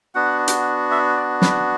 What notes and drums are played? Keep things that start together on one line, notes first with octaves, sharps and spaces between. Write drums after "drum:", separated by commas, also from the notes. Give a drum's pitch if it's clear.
B3 D4 F#4 F#5
drum: hi-hat
E5
D5
B4, drum: snare